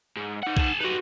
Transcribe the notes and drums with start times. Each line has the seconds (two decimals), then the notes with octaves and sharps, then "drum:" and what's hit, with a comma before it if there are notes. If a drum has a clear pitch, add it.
0.17 G#2
0.43 D#4 F#5
0.57 G#4 A5, drum: kick B1
0.81 D#4 F#4 G4 B4